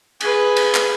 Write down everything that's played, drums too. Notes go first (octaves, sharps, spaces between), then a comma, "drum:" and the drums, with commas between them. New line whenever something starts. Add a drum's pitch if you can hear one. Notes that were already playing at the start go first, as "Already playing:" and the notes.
G#4 B4, drum: cymbal
drum: cymbal
drum: clap